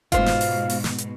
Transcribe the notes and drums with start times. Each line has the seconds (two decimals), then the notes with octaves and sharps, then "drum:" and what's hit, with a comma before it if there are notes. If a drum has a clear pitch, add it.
0.12 G#2 B2 F4 C5, drum: kick F#1, hi-hat
0.26 drum: snare
0.41 drum: open hi-hat
0.70 drum: open hi-hat
0.84 drum: snare
0.98 drum: hi-hat